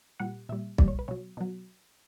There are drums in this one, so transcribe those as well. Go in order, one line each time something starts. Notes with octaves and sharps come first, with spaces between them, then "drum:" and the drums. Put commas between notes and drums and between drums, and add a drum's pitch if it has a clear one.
A#2 G3 F#5
A#2 G3 E5
A#2 G3 D5, drum: kick
C#5
B4
B2 F#3 C#5
B2 F#3